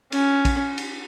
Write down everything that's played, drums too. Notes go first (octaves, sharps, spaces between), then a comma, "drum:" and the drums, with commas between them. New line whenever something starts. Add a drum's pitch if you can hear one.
C#4, drum: cymbal
drum: kick A#1, cymbal
drum: cymbal